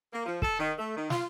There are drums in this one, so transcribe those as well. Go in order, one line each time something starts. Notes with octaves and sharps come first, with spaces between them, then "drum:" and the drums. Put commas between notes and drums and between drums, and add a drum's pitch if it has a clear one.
A#3
F3
A4, drum: kick
D#3
A3
D#3
F4, drum: snare